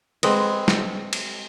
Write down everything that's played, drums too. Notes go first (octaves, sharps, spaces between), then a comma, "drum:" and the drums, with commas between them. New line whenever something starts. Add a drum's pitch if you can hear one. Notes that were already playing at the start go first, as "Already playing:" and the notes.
G#3 C4 B4 D#5, drum: cymbal
drum: snare
drum: cymbal